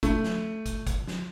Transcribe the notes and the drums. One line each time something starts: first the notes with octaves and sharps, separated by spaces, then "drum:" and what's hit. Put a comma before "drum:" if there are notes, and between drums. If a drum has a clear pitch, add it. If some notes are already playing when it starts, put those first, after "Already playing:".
A3, drum: kick, hi-hat
drum: snare
drum: kick, hi-hat
drum: kick, hi-hat
drum: snare